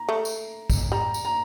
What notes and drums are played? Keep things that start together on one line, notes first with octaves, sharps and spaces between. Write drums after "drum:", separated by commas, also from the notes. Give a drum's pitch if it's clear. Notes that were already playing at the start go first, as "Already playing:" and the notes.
Already playing: A#5
A3
drum: tambourine
drum: kick, tambourine
G3 A#5
drum: tambourine
A#5